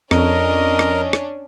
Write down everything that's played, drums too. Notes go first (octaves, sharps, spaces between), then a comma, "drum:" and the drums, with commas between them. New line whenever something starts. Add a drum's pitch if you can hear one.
F2 C#4 D4 A#4 D#5, drum: rim click
drum: rim click
drum: rim click